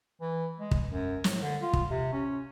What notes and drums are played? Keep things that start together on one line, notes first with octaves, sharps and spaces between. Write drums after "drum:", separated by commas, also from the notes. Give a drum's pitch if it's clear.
E3
G#3
drum: kick
F#2
A2, drum: snare
D3
F4
drum: kick
C3
C#4